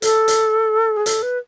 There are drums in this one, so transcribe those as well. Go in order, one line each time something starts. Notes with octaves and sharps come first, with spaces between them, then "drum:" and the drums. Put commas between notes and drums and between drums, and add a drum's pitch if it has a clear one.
A4, drum: hi-hat
drum: hi-hat
G#4
A4, drum: hi-hat
B4